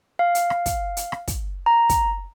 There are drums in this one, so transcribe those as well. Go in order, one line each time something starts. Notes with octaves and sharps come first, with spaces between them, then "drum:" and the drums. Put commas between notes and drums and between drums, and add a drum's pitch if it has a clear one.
F5
drum: hi-hat
drum: rim click
drum: kick, hi-hat
drum: hi-hat
drum: rim click
drum: kick, hi-hat
A#5
drum: kick, hi-hat